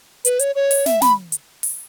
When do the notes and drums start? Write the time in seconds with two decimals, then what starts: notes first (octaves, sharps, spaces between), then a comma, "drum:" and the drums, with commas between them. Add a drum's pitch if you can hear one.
0.25 B4, drum: hi-hat
0.40 C#5, drum: hi-hat
0.55 C#5
0.71 drum: open hi-hat
0.86 E5, drum: snare
1.01 B5, drum: snare
1.32 drum: hi-hat
1.63 drum: open hi-hat